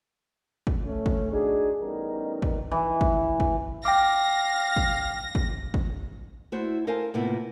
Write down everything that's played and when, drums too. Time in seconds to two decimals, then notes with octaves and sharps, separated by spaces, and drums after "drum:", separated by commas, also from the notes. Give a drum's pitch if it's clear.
0.67 drum: kick
0.85 A3 C#4
1.06 drum: kick
1.32 D4 D#4 F#4 G#4
1.81 A1 G3 B3 C#4 D#4 A#4
2.42 drum: kick
2.71 E3
3.01 drum: kick
3.40 drum: kick
3.85 F5 G5 D6 A#6
4.76 drum: kick
5.35 drum: kick
5.74 drum: kick
6.52 A3 E4 F#4 C5
6.87 A4 A#4 C5 F5 G#5 A5
7.14 A2 C3 A#3 B3 E4 F4